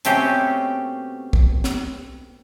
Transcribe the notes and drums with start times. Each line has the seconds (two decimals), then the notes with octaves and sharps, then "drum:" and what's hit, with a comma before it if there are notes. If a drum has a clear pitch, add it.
0.05 B2 A3 C4 C#4 G4, drum: hi-hat
1.33 drum: kick
1.64 drum: snare